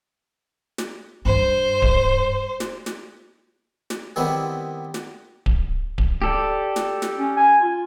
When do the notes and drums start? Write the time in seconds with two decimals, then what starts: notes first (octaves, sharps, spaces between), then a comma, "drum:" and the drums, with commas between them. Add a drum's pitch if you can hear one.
0.78 drum: snare
1.25 G2 C5
1.82 drum: kick D1
2.60 drum: snare
2.86 drum: snare
3.90 drum: snare
4.16 D#3 G3 B3 C4 D#4 E4
4.94 drum: snare
5.46 drum: kick D1
5.98 drum: kick D1
6.22 G4 A4 D5
6.76 drum: snare
7.02 drum: snare
7.18 C#4
7.37 G#5
7.61 F4